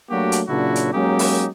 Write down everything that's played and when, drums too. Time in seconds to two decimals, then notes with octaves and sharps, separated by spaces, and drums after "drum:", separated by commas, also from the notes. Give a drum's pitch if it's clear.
0.10 F#3 A3 A#3 D4 F#4 G4
0.32 drum: hi-hat
0.48 A#2 C#3 F#3 D4 E4 F#4
0.75 drum: hi-hat
0.93 F#3 G#3 A#3 C#4 D#4 G4
1.19 drum: open hi-hat